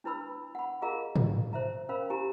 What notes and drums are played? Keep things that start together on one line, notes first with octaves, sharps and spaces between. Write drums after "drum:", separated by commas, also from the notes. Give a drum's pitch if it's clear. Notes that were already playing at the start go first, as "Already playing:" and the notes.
D4 E4 B4 B5 E6
F#5 B5
F4 G#4 A#4 D#5 F5 A#5
drum: tom
C5 E5 A#5
C#4 A#4 C5 F5 B5
E4 G4 G#5 A#5